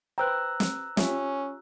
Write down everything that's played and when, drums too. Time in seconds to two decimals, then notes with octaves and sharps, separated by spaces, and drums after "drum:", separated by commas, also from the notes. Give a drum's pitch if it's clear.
0.18 B4 C5 G5 A#5 E6 F#6
0.60 drum: snare
0.97 C#4 F4 G4 E5, drum: snare